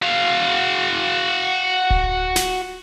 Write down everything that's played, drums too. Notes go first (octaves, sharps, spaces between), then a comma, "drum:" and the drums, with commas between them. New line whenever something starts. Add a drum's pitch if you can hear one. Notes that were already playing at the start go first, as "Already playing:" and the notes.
F#4 F5
drum: kick D1
drum: snare